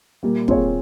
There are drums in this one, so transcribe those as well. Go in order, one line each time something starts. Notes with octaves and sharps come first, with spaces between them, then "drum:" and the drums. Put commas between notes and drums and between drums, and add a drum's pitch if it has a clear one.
A#2 G3
C4 F4 G#4 C#5, drum: kick